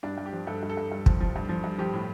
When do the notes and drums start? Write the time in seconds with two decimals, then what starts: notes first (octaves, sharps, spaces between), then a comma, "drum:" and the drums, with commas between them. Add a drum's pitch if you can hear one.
0.03 G2 D4
0.18 G2
0.26 G4
0.33 F3
0.47 G2 A4
0.63 G2
0.69 A4
0.77 G2
0.92 G2
1.06 F3, drum: kick
1.21 F3
1.36 G2
1.49 F3
1.64 G2
1.78 F3 G4
1.93 A2